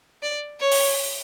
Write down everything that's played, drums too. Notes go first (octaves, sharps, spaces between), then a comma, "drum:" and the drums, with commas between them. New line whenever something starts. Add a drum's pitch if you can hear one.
D5
C#5
drum: open hi-hat